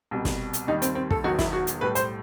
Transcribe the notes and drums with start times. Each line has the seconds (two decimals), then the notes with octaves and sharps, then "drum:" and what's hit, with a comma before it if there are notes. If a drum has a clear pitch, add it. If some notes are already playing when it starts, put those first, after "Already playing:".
0.11 C2 B2 G3
0.25 drum: snare
0.53 drum: hi-hat
0.67 D#2 D#3 G3 D#4
0.82 C4, drum: hi-hat
0.95 C4
1.11 A4, drum: kick
1.24 E1 E2 D#3 F#3 F#4
1.39 E4, drum: snare
1.53 F#4
1.67 drum: hi-hat
1.81 B1 A2 G3 B4
1.95 C5, drum: hi-hat